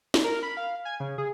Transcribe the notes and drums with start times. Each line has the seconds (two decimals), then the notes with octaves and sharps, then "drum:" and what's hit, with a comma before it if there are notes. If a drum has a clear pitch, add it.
0.14 drum: snare
0.24 A#4
0.43 B5
0.57 F5
0.85 G#5
1.00 C#3
1.18 G#4